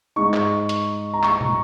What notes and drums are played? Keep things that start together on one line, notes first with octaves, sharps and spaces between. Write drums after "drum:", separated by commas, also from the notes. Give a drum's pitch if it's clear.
G#2 G#3 D#4 C#6
drum: clap
drum: hi-hat
A#5
C#6, drum: clap
drum: tom